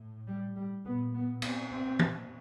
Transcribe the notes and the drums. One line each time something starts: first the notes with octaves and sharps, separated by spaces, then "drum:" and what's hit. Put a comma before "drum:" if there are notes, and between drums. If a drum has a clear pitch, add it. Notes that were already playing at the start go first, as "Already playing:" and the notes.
Already playing: A2
G3
G3
A#2 B3
B3
C4, drum: cymbal
C4
A#2, drum: tom E3